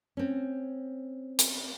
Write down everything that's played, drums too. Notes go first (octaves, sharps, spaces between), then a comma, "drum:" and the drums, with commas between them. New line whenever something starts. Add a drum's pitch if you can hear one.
C4 C#4
drum: hi-hat